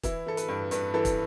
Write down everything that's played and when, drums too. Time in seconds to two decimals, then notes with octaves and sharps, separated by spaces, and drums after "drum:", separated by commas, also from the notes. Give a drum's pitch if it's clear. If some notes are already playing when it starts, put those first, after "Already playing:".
0.03 E3 E4, drum: kick, hi-hat
0.26 E3 A4
0.37 B4, drum: hi-hat
0.48 G2
0.71 G2 B4, drum: hi-hat
0.94 E3 A4
1.05 drum: kick, hi-hat